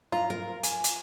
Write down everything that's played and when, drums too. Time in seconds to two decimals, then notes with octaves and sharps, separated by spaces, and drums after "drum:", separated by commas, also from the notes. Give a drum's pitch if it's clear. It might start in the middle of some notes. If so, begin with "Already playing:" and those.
0.12 F4 A#5
0.30 A#4
0.63 G#5, drum: hi-hat
0.84 drum: hi-hat